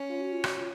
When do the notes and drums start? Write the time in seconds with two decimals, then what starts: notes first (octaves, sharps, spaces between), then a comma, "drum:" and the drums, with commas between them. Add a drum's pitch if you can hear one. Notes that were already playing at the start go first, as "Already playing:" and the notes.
Already playing: C#4
0.09 F4
0.21 F#4
0.32 F4
0.44 F#4, drum: rim click
0.55 F4